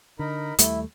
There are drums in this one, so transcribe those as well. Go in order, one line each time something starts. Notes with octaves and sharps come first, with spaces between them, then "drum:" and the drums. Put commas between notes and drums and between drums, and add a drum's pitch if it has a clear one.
D3 D#4 A#4 B5
D#2 G3 A3 E4, drum: hi-hat